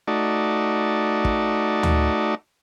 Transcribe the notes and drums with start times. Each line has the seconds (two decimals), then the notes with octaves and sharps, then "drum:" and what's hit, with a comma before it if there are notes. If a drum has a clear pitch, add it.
0.08 A3 D#4 F#4 D5
1.25 drum: kick
1.83 drum: tom D2